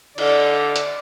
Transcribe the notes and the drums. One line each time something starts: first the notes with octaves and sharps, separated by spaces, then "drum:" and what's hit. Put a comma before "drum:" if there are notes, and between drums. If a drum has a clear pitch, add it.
D3 D5, drum: cymbal
drum: hi-hat